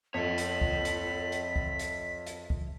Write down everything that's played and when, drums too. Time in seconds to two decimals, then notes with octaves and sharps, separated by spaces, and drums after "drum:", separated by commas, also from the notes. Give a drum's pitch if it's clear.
0.14 F2 C#5 E5 B6
0.38 drum: hi-hat
0.61 drum: kick
0.85 drum: hi-hat
1.32 drum: hi-hat
1.56 drum: kick
1.79 drum: hi-hat
2.27 drum: hi-hat
2.50 drum: kick